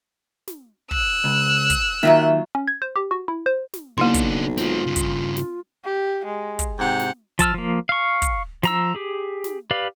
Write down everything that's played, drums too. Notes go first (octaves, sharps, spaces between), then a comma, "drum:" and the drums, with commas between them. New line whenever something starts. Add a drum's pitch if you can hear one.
drum: snare
E6 F#6, drum: kick
C#2
drum: kick, hi-hat
D#3 F#3 A#3 F4 E5
C#4
G#6
C5
G4
F#4
E4
C5
drum: snare
B1 C#3 A#3 D4 E4 C6
drum: kick, hi-hat
G#3 C4 F4, drum: snare
G2 C#3
drum: kick, hi-hat
drum: snare
G4
G#3
drum: kick, hi-hat
G#2 C3 F#5 G5
drum: snare
F3 A5 E6 F6, drum: kick, hi-hat
F3 A#3
F5 C#6
drum: kick, hi-hat
F3 A#5 E6, drum: snare
G4 G#4
drum: snare
G4 B4 D5 F5